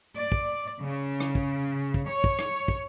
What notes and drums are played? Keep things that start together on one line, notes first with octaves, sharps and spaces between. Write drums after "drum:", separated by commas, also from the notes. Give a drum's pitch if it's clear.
D5
drum: kick
C#3
drum: rim click
drum: kick
drum: kick
C#5
drum: kick
drum: rim click
drum: kick